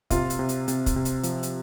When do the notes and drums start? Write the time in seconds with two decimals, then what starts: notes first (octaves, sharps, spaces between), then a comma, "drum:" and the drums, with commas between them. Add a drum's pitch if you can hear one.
0.10 C3 F4, drum: kick, hi-hat
0.30 drum: hi-hat
0.39 C3
0.49 drum: hi-hat
0.68 C3, drum: hi-hat
0.86 drum: kick, hi-hat
0.96 C3
1.05 drum: hi-hat
1.23 F3, drum: hi-hat
1.43 drum: hi-hat